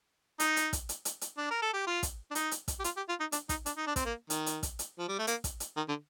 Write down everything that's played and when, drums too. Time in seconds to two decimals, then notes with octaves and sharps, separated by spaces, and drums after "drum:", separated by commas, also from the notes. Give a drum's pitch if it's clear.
0.40 D#4, drum: hi-hat
0.56 drum: hi-hat
0.73 drum: kick, hi-hat
0.89 drum: hi-hat
1.05 drum: hi-hat
1.21 drum: hi-hat
1.38 D4
1.50 A#4
1.62 A4
1.74 G4
1.87 F4
2.03 drum: kick, hi-hat
2.31 D4
2.35 D#4, drum: hi-hat
2.51 drum: hi-hat
2.68 drum: kick, hi-hat
2.79 G4
2.84 F4, drum: hi-hat
2.97 G4
3.09 F4
3.20 D#4
3.32 D4, drum: hi-hat
3.49 D#4, drum: kick, hi-hat
3.66 D4, drum: hi-hat
3.77 D#4
3.87 D4
3.96 C4, drum: kick, hi-hat
4.05 A#3
4.30 D#3, drum: hi-hat
4.46 drum: hi-hat
4.63 drum: kick, hi-hat
4.79 drum: hi-hat
4.99 F3
5.08 G3
5.18 A3
5.27 A#3, drum: hi-hat
5.44 drum: kick, hi-hat
5.60 drum: hi-hat
5.77 D#3
5.88 D3